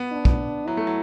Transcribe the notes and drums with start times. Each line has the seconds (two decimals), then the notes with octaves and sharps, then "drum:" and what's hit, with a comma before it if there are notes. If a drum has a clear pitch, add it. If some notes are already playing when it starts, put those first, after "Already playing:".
Already playing: B3
0.12 D4
0.25 drum: kick
0.67 F#3 E4
0.77 A3
0.87 F#3